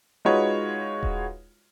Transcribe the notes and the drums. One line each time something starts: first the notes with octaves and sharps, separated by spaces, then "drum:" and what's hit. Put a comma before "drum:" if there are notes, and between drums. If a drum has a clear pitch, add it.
G#3 D#4 F4 F#4 B4 C#5
drum: kick D#1